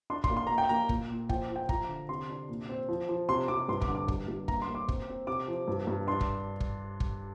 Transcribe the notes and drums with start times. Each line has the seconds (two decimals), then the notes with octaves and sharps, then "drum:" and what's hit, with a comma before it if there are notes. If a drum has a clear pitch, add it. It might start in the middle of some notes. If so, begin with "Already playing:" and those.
0.10 D4 C6
0.24 C6, drum: kick
0.30 A#3
0.37 C6
0.47 A#3 A#5
0.58 G5
0.69 A#3 A#5
0.89 A#2, drum: kick
1.10 A#2
1.29 F3 G5, drum: kick
1.49 F3
1.56 G5
1.69 F3 A#5, drum: kick
1.89 D3
2.09 C3 C6
2.29 D4
2.49 A#2
2.69 C4
2.89 F3
3.09 F3
3.28 C3 C6
3.48 C3 D6
3.68 G2 C6
3.82 D6, drum: kick
3.88 D3
3.95 D6
4.08 G2, drum: kick
4.28 G2
4.48 A#3 A#5, drum: kick
4.62 C6
4.67 A#3
4.75 D6
4.88 C4, drum: kick
5.08 C4
5.27 C3 D6
5.48 F3
5.68 G2
5.87 G2
6.07 D4 C6
6.21 drum: kick
6.60 drum: kick
7.00 drum: kick